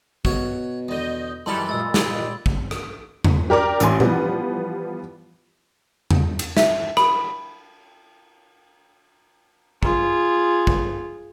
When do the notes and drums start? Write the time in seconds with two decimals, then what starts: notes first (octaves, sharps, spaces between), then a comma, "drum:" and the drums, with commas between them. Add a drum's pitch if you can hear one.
0.25 B2 F#4 C#5, drum: kick
0.88 E2 D3 D#5 G6
1.46 F#2 E3 G3 D#4 G4 A4 B5 C6
1.69 A#2 G#3 E6 A6
1.94 C4 G4 G#4, drum: snare
2.46 drum: kick
2.71 drum: rim click
3.24 drum: tom E2
3.50 G4 A#4 D5 D6
3.80 A1 A2 G#5 C6, drum: hi-hat
4.00 E3 F3 G3 B3, drum: tom A#2
6.11 drum: tom E2
6.39 drum: cymbal
6.57 E5, drum: snare
6.97 B5, drum: rim click
9.83 F4 G#4, drum: kick
10.67 drum: kick